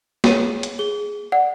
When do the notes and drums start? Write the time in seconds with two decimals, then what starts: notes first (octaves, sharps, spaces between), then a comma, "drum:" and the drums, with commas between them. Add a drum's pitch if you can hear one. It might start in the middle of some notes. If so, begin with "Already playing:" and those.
0.24 G#4 C#5 D#7, drum: snare
0.63 drum: hi-hat
0.79 G#4 G7
1.32 D5 F#5